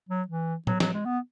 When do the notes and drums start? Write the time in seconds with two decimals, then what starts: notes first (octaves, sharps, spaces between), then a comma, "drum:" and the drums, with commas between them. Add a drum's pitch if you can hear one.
0.09 F#3
0.28 E3
0.67 F#3, drum: tom A2
0.80 F#3, drum: snare
0.94 G#3
1.05 B3